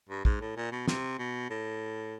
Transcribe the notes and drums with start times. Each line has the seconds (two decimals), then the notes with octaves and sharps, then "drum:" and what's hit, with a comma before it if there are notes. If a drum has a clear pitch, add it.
0.09 G2
0.25 G#2, drum: kick
0.41 A2
0.57 A#2
0.72 B2
0.88 C3, drum: snare
1.19 B2
1.50 A2